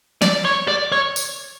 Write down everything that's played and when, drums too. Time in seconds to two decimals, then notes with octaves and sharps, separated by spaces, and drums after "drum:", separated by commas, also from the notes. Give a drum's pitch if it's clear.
0.22 D5, drum: snare
0.45 C#5
0.68 D5
0.92 C#5
1.16 drum: tambourine